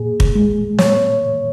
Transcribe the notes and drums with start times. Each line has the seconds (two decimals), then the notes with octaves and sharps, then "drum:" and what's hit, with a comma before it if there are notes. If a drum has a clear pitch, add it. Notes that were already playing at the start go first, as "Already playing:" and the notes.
Already playing: A#2 G#4
0.20 drum: kick
0.35 G#3
0.78 A#2 C#5, drum: snare